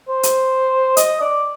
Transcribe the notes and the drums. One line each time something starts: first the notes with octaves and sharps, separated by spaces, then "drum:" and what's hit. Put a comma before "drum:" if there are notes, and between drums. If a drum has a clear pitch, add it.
C5
drum: hi-hat
D#5, drum: hi-hat
D5